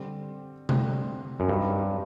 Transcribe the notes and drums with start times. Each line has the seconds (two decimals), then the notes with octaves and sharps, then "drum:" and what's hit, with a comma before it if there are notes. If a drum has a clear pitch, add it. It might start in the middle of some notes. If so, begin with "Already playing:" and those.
Already playing: D3 G3 C4
0.69 D3 G3 C4, drum: tom C3
1.40 F#2
1.48 G2 C4 D#4 F#4 A#4